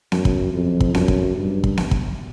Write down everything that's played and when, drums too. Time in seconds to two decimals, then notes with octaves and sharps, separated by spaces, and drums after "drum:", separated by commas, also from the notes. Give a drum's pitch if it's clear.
0.12 F#2, drum: snare B3
0.25 drum: kick
0.53 F2
0.80 drum: kick
0.94 F#2, drum: snare B3
1.08 drum: kick
1.36 G2
1.64 drum: kick
1.77 drum: snare B3
1.91 drum: kick